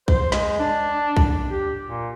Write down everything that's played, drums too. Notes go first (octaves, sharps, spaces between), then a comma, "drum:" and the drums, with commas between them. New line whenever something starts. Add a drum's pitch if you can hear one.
C5, drum: kick B1
G#3, drum: snare
D4
drum: kick B1
G4
A#2